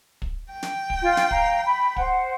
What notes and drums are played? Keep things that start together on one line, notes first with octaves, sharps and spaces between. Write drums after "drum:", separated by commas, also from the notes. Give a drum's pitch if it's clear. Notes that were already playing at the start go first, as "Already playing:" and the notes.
drum: kick
G5
drum: snare
drum: kick
F4
drum: snare
F5 A#5, drum: kick
B5
C5 F#5, drum: kick